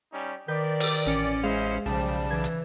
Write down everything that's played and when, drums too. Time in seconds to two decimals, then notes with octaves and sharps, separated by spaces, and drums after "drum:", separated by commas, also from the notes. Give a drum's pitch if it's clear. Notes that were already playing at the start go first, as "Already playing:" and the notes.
0.13 G3 C#4 D#4
0.48 D#3 B4 D5 G6
0.80 drum: open hi-hat
1.06 A1 C#4 C#7
1.43 G#3 E4 G#4 C5 D#5 F5
1.86 B1 C#3 F3 G3 A5
2.30 E3 G#6
2.44 drum: hi-hat